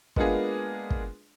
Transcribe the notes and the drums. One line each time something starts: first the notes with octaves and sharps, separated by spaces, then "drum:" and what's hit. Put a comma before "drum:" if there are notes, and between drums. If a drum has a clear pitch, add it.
G#3 A#3 B3 D4 F4 G#4, drum: kick
drum: kick